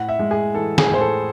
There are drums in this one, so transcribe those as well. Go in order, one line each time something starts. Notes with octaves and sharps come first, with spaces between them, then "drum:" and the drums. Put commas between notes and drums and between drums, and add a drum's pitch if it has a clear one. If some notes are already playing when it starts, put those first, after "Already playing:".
Already playing: A2 F#5
E5
G#3
G#4
E3 A4
G#4, drum: snare
A2 C5
A4